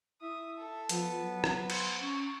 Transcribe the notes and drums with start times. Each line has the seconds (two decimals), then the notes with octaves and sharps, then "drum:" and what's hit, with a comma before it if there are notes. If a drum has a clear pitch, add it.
0.22 E4 E5 D#6
0.58 A4
0.89 F3 B3 B4, drum: hi-hat
1.21 F#3
1.44 drum: rim click
1.70 C5, drum: cymbal
2.01 C#4 C#6